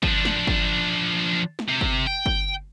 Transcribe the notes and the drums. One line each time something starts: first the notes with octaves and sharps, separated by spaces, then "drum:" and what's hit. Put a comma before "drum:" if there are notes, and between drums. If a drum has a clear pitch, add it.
F3 D4, drum: kick G1
drum: snare
drum: kick G1
drum: snare
C3
drum: kick G1
G5
drum: kick G1